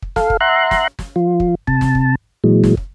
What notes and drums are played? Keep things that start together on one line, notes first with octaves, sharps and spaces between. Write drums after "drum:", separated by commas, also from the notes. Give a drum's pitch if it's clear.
drum: kick
A4 F5, drum: snare
drum: kick
E5 F#5 A#5 C6 F#6
drum: snare
drum: snare
F3 F4
drum: kick
C3 A5, drum: kick
drum: snare
drum: kick
A#2 E3 F#3 G#3
drum: snare
drum: kick